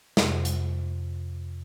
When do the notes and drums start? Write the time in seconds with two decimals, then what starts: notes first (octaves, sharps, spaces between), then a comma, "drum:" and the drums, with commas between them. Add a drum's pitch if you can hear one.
0.17 F2 C3, drum: snare
0.45 drum: hi-hat